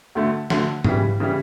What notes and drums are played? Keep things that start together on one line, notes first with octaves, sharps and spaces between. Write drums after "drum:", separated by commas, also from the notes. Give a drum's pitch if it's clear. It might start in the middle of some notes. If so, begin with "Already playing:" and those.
D2 D3 A3
D2 D3 A3, drum: snare F3
C#3 E3 G3, drum: tom G#2
C#3 E3 G3